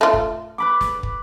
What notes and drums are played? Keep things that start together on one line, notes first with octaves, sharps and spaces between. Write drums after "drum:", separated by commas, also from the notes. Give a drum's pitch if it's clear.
A3 F4
drum: kick
B4 B5 D6
drum: snare
drum: kick